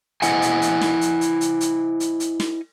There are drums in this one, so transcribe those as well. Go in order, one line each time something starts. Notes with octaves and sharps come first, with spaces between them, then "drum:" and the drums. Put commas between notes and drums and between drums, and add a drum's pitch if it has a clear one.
E4 C5 D#5 F#5 G#5, drum: hi-hat
drum: hi-hat
drum: hi-hat
drum: snare
drum: hi-hat
drum: hi-hat
drum: hi-hat
drum: hi-hat
drum: hi-hat
drum: hi-hat
drum: snare